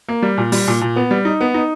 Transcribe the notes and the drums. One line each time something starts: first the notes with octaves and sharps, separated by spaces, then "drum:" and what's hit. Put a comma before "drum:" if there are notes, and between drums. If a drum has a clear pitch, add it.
A#3
G3
A#2
G3, drum: open hi-hat
A#2
A#2
B3
G3
D#4
B3
D#4